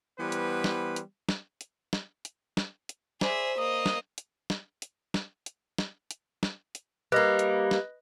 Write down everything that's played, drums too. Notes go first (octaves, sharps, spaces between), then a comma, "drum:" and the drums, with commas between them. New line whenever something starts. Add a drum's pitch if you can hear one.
E3 G3 B3 B4 C5
drum: hi-hat
drum: snare
drum: hi-hat
drum: snare
drum: hi-hat
drum: snare
drum: hi-hat
drum: snare
drum: hi-hat
G#4 C5 D5 E5 B5, drum: snare
A#3 D#5 D#6
drum: snare
drum: hi-hat
drum: snare
drum: hi-hat
drum: snare
drum: hi-hat
drum: snare
drum: hi-hat
drum: snare
drum: hi-hat
G3 A#3 B4 D#5
drum: hi-hat
drum: snare